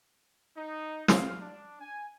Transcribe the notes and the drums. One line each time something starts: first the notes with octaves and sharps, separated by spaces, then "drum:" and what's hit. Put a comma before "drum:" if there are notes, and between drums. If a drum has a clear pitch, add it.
D#4
F5, drum: snare
D4
G#5